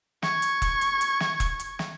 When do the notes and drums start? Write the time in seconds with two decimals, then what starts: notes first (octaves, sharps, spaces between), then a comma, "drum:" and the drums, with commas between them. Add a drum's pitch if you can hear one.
0.23 C#6 G#6, drum: snare
0.42 drum: hi-hat
0.62 drum: kick E1, hi-hat
0.81 drum: hi-hat
1.01 drum: hi-hat
1.20 drum: snare
1.40 drum: kick E1, hi-hat
1.60 drum: hi-hat
1.79 drum: snare